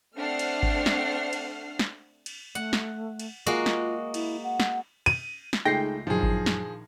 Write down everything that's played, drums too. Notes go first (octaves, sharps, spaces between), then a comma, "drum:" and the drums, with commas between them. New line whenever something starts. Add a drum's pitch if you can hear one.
A3 C4 D4 F#5 F6 C7
drum: cymbal
drum: kick G#1
drum: snare
drum: cymbal
drum: snare
drum: cymbal
A3 F#5
drum: snare
drum: cymbal
G#3 A#3 F4 F#4
drum: snare
E4, drum: cymbal
F#5
drum: snare
D#7, drum: cymbal
drum: snare
C#2 G#3 A3 D#4 G#4 G5 A#6 C7
A#1 F#2 D#3 F3 F#3 D#4 G#4
drum: kick G#1
drum: snare